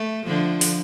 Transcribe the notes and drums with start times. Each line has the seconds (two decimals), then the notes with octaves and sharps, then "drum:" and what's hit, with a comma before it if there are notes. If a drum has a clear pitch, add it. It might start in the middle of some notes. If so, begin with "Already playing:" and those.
Already playing: A3
0.27 D3 F3
0.61 drum: open hi-hat